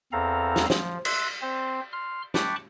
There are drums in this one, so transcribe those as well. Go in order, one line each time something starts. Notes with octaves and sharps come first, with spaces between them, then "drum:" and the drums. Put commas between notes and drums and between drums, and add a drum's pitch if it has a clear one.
E2 C4 A4 F5 A#5
drum: snare
F3, drum: snare
E5 C6 F#6, drum: cymbal
C4 C5
C6 F6
G5 A5 B5 C#6 D6 F#6, drum: snare